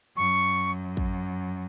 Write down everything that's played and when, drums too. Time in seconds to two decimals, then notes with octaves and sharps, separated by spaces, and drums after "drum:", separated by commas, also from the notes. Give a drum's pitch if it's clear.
0.16 F#2 C#6
0.97 drum: kick